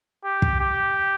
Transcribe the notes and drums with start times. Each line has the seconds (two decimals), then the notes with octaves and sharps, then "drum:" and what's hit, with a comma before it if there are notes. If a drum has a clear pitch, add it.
0.24 G4
0.42 drum: kick
0.60 G4